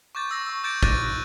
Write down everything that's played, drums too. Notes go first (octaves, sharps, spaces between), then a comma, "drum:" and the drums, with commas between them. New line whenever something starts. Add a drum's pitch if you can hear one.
C#6 D6 G6 A6
C#6 E6 A#6
C#6 E6
D6 G6 A6 A#6 D7
D6 F#6 A6 A#6 D#7, drum: kick G#1
A#6